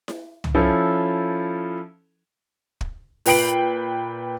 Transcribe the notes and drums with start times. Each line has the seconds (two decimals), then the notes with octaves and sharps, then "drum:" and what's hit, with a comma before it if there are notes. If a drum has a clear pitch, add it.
0.08 drum: snare E4
0.44 drum: tom
0.55 F3 C#4 E4 A4
2.81 drum: kick
3.26 A#2 B4 G5 C7 D7 F#7, drum: open hi-hat